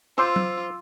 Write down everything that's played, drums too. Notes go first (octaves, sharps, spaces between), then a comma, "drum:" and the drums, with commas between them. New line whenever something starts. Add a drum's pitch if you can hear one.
F4 C5 C6 D6 E6
drum: tom F#3